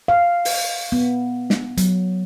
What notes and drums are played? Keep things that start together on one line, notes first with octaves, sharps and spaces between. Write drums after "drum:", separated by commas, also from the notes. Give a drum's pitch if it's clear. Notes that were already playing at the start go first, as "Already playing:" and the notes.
F5
drum: open hi-hat
B3
drum: snare
F#3, drum: hi-hat